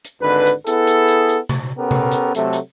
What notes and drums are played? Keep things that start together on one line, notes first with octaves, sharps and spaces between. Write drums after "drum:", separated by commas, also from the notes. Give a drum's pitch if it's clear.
drum: hi-hat
G#1 D3 B4
drum: hi-hat
B3 E4 G#4 A4 B4, drum: hi-hat
drum: hi-hat
drum: hi-hat
drum: hi-hat
drum: tom C3
B3 C#4 G4 A4 A#4
drum: tom C3
drum: hi-hat
C3 F#3 A3, drum: hi-hat
drum: hi-hat